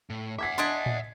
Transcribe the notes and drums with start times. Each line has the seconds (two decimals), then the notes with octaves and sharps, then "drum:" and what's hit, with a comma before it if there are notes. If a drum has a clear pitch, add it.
0.10 A2
0.39 E5 F#5 D6 G#6 B6
0.58 D4 D#5 G#5 C6 D#6 G#6
0.86 drum: tom A2